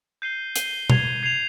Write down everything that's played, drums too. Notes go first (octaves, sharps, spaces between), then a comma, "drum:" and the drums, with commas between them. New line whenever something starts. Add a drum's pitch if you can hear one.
G6 C7 D#7 G7
G6 C7 D#7 G7, drum: hi-hat
G#6 C7 F7, drum: tom
G#6 C7 F7